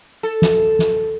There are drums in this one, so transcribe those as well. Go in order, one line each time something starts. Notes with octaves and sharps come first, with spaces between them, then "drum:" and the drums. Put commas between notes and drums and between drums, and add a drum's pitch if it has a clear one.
A4
drum: snare
drum: snare